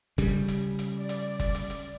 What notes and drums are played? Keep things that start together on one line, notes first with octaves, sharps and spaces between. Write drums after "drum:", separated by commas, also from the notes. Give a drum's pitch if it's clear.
C#3 G3, drum: kick F#1, hi-hat
drum: hi-hat
drum: hi-hat
D5
drum: hi-hat
drum: kick F#1, hi-hat
drum: hi-hat
drum: hi-hat